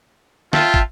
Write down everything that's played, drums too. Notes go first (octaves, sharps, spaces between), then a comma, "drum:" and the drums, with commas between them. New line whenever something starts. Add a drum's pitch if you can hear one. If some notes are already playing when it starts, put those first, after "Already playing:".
F4 E5 G5 A5, drum: snare
drum: kick